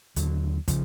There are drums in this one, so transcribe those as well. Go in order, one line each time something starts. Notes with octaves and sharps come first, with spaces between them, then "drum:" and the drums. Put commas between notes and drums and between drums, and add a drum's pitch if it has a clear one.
D#2 D3 F#3, drum: hi-hat
C#3 F3, drum: kick, hi-hat